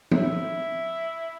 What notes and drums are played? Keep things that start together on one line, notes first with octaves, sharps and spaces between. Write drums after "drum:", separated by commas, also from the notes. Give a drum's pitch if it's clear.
E4, drum: tom F3